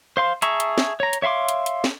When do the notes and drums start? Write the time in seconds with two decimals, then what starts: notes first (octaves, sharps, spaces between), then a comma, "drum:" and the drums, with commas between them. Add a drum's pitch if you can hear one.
0.17 C5 F5 C6
0.42 G#4 E5 A5 A#5 C#6, drum: hi-hat
0.60 drum: hi-hat
0.78 drum: snare
1.00 C#5 A#5
1.13 drum: hi-hat
1.22 C#5 E5 F5 C6 D6
1.49 drum: hi-hat
1.66 drum: hi-hat
1.84 drum: snare